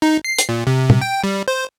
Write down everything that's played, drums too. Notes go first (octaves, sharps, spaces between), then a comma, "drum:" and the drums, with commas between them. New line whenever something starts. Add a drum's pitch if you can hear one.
D#4
C7
drum: hi-hat
A#2
C3
drum: tom
G5
G3
C5